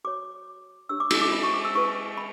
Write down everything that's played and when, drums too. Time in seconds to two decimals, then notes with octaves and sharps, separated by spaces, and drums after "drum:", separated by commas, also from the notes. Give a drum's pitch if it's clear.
0.04 F#4 C#5 D6
0.89 D4 G4 C#5 E6
1.00 D6
1.11 E6, drum: cymbal
1.21 D6
1.32 B5
1.43 C#6
1.53 D6
1.65 E6
1.75 E4 G4 B4 C#6
2.18 B5